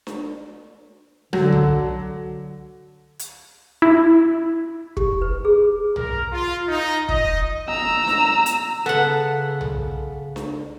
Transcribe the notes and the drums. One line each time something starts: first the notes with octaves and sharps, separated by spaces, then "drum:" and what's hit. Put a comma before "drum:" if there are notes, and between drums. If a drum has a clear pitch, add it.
drum: snare D4
D3 F#3, drum: rim click
drum: tom
drum: hi-hat
E4
G4, drum: kick
B4
G#4
A#4, drum: tom
F4
D#4
D#5, drum: kick
A#5 E6
drum: snare D4
drum: hi-hat
C#3 B3 A4 F#5
drum: tom
drum: snare D4